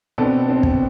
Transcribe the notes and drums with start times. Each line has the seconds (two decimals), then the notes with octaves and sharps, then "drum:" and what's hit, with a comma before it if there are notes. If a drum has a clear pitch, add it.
0.18 B2 B3 C4 D4 A4
0.49 C4
0.63 drum: kick